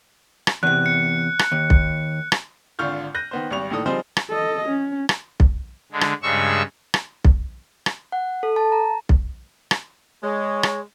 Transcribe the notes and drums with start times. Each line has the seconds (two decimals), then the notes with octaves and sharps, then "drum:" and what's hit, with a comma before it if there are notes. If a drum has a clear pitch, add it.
0.47 drum: rim click
0.63 E2 C3 F#6
0.86 C#7
1.39 drum: rim click
1.52 D#2
1.70 drum: kick B1
2.32 drum: rim click
2.79 G#1 D3 F4 C#6 F6 G6
3.15 F#6 G6 A#6 D#7
3.31 D#3 B3 C5
3.50 G#1 G3 C#6 F7
3.70 A#1 A2 D#3 A4 D#6
3.86 F3 G3 C4 D#4 G#4 C5
4.17 drum: rim click
4.29 A4 D#5
4.69 C#4
5.09 drum: rim click
5.40 drum: kick B1
5.92 D3 G#3
6.01 drum: rim click
6.23 G2 C#3 G#3 C#6 E6
6.94 drum: rim click
7.24 drum: kick B1
7.86 drum: rim click
8.12 F#5
8.43 A4
8.56 A5
8.72 A#5
9.09 drum: kick B1
9.71 drum: rim click
10.23 G#3 C#5
10.63 drum: rim click